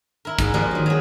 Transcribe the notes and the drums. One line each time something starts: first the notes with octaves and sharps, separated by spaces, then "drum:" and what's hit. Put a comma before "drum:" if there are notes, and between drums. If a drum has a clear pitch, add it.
E4 A#4
G#2, drum: kick, hi-hat
F3 G3 A#3 G4 B4
D#3 F#3
F#3 G#4